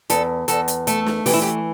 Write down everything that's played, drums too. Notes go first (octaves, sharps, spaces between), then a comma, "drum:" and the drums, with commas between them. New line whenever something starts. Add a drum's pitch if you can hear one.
E2 A4, drum: hi-hat
E2 A4, drum: hi-hat
drum: hi-hat
A3 A4, drum: hi-hat
drum: snare
E3 G4, drum: open hi-hat
E4
G4